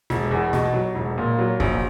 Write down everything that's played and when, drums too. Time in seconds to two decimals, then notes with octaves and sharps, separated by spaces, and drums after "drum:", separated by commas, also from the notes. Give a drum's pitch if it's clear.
0.10 E1, drum: snare
0.31 E2
0.53 B2, drum: snare
0.74 F#3
0.95 E1
1.18 A#2
1.39 F#3
1.60 A#1, drum: kick F#1